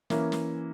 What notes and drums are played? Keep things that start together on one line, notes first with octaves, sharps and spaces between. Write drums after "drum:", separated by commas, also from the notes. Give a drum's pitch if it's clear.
E3 A#3 C#4, drum: snare
drum: snare